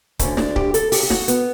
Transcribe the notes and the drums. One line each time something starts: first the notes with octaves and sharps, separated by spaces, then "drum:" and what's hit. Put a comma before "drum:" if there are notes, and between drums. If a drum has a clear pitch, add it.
D2 D3 C#4, drum: kick C#1, hi-hat
D4, drum: snare
G4, drum: kick C#1
A4, drum: hi-hat
G4, drum: open hi-hat
G4
F#4, drum: snare
B3, drum: hi-hat